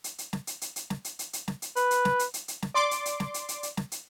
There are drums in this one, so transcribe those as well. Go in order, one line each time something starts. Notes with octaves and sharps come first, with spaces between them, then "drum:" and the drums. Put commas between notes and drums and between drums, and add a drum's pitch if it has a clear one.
drum: hi-hat
drum: hi-hat
drum: snare
drum: hi-hat
drum: hi-hat
drum: hi-hat
drum: snare
drum: hi-hat
drum: hi-hat
drum: hi-hat
drum: snare
drum: hi-hat
B4, drum: hi-hat
drum: hi-hat
drum: snare
drum: hi-hat
drum: hi-hat
drum: hi-hat
drum: snare
D5 C6 D6
drum: hi-hat
drum: hi-hat
drum: snare
drum: hi-hat
drum: hi-hat
drum: hi-hat
drum: snare
drum: hi-hat